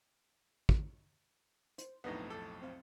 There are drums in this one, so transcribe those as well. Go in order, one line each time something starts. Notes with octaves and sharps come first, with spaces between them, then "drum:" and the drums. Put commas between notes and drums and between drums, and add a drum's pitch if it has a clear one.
drum: kick
C5, drum: hi-hat
B1 F2 A2 A#3 B3 D4 D#4 D#5
A4 D6
C4 C5 F5